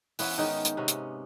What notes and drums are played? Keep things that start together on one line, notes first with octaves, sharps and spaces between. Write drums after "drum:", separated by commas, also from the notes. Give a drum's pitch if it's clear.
E3 B3 C#4, drum: open hi-hat
G#2 D#3 C#4 D#4
drum: hi-hat
C3 B3 C#4
drum: hi-hat